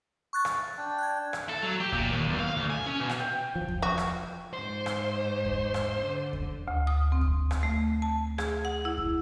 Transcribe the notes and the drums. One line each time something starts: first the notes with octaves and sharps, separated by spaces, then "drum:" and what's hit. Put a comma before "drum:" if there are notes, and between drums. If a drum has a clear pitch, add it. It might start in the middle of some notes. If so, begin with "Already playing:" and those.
C#6 F#6 A6
drum: rim click
D4 G5
F#6 G#6
drum: rim click
A4
F#3
G4
A#2, drum: kick E2
D#2
B1
F5
D2
G#5
C#4
B2
drum: rim click
G5
F3
drum: kick E2
F#4
drum: rim click
G#2 C5
drum: rim click
drum: kick E2
drum: rim click
D3
drum: kick E2
D2
D#6
C4
drum: kick E2
drum: rim click
A3
A5
G#4, drum: rim click
F#5
E4
drum: kick E2